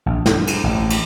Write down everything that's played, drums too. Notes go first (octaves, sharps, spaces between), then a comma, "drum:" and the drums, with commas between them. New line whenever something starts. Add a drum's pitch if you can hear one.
A#1
G2, drum: snare
drum: cymbal
A1
drum: cymbal